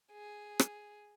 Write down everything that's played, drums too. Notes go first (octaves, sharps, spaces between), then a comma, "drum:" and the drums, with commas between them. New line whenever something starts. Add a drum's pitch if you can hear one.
G#4
drum: rim click